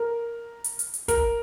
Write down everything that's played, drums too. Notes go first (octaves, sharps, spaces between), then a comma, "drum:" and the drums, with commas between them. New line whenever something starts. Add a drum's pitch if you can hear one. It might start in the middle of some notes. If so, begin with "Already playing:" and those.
Already playing: A#4
drum: hi-hat
drum: hi-hat
drum: hi-hat
A#4, drum: kick, hi-hat